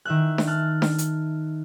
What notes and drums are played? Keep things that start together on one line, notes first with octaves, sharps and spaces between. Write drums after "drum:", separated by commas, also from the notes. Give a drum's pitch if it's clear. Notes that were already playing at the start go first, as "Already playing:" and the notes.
D#3 E5 F#6
drum: snare D4
A5 F6 F#6
drum: snare D4
drum: hi-hat